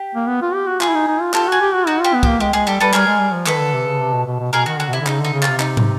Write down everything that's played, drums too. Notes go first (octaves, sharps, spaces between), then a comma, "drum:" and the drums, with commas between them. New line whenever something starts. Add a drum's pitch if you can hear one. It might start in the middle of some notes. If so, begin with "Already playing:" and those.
Already playing: G4
A#3
B3
F4
G4
F#4
F4 G#4, drum: clap
E4
D#4
D#4
F4
F4 G4 A4, drum: clap
F#4 G#4
G4
F#4
D#4 F#4
F4 G4
B3
A#3 G4, drum: kick
G#3 G4
G#3 G#4
G3 G4 A4
G3 A4 B4
G3 G#4 A#4, drum: clap
G#3
G3
F3
D#3 A4 B4, drum: clap
D3
C3
C#3
C3
B2
B2
B2
B2 G#4 A#4
D#3 F#4
D3 F#4
B2
C3 E4
D3
C#3 D#4, drum: clap
D3
D#4
C#3
C3 F4, drum: clap
D#4, drum: clap
drum: tom